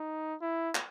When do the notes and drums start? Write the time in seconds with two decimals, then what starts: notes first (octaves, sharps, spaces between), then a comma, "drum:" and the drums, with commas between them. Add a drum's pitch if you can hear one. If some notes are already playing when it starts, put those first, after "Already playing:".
Already playing: D#4
0.41 E4
0.75 drum: clap